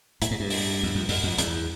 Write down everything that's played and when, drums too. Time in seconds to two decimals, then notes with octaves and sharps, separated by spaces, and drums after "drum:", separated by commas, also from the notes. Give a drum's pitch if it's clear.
0.22 A2, drum: hi-hat
0.31 G#2
0.40 G2
0.50 drum: open hi-hat
0.83 E2
0.95 F2
1.09 F#2, drum: open hi-hat
1.24 F2
1.38 E2, drum: hi-hat